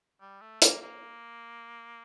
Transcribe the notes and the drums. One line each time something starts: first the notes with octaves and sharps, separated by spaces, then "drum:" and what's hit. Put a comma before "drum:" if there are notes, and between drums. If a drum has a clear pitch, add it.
G3
A3
A#3, drum: hi-hat
A#3